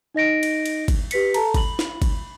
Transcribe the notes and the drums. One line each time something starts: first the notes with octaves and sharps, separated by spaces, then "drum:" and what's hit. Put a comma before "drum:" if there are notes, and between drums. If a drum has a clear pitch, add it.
D#4 D#5 A#6 D7
drum: cymbal
drum: cymbal
drum: kick G1, cymbal
G4 B4 B6 C#7, drum: cymbal
A4 A5 A#5, drum: cymbal
B5 F#7, drum: kick G1, cymbal
drum: snare
drum: kick G1, cymbal